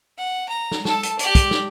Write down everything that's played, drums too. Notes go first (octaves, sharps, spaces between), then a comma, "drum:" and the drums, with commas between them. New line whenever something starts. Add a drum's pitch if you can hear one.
F#5
A#5
drum: snare
A4 A5, drum: snare
drum: hi-hat
G4 D5, drum: hi-hat
drum: kick, hi-hat
drum: snare